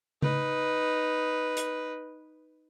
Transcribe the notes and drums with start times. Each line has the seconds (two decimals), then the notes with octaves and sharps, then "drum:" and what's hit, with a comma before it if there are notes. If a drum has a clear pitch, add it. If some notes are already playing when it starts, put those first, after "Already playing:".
0.22 D#4 B4, drum: tom C#3
1.57 drum: hi-hat